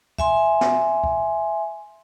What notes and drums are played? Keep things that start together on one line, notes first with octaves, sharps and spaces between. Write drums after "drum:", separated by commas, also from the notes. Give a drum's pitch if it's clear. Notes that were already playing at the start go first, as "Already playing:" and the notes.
E5 G#5 C6, drum: kick
drum: snare
drum: kick